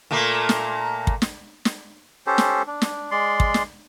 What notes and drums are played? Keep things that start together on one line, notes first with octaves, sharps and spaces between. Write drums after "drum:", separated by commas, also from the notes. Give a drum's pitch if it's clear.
A#2 A3 A#3
drum: snare
drum: kick
drum: snare
drum: snare
C#4 G4 A4 C5
drum: snare
D4
drum: snare
G#3 D5 C6
drum: kick
drum: snare